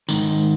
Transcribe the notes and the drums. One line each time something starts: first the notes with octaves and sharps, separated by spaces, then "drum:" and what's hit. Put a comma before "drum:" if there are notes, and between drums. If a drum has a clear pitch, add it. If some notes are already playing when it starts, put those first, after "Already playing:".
G#2 D#3, drum: tambourine